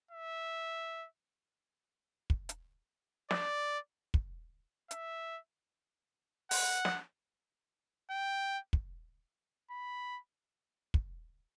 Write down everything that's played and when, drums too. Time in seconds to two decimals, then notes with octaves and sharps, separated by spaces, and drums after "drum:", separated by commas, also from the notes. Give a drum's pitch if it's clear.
0.11 E5
2.30 drum: kick
2.49 drum: hi-hat
3.31 D5, drum: snare
4.14 drum: kick
4.91 E5, drum: hi-hat
6.51 F#5, drum: open hi-hat
6.85 drum: snare
8.10 G5
8.73 drum: kick
9.71 B5
10.94 drum: kick